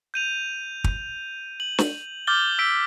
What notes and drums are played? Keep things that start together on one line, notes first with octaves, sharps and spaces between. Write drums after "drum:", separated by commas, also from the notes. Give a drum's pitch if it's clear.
G6 D#7 F7
drum: kick
F#7
drum: snare
D6 F6 G6 A6 G7
E6 B6 D7